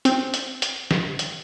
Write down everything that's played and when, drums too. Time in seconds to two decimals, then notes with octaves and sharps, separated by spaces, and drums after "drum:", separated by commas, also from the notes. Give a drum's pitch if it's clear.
0.05 C4, drum: hi-hat
0.34 drum: hi-hat
0.62 drum: hi-hat
0.91 drum: snare
1.19 drum: hi-hat